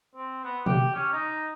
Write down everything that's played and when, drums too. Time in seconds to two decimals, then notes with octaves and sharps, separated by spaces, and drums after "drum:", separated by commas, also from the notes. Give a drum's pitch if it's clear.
0.16 C4
0.44 B3
0.66 G4, drum: tom B2
0.95 C#4
1.12 D#4